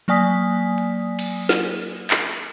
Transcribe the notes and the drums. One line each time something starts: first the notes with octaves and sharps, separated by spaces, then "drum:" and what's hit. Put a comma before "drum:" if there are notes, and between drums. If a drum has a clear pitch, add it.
F#3 A#3 D5 G#5 D#6 B6
drum: hi-hat
drum: cymbal
drum: snare
drum: clap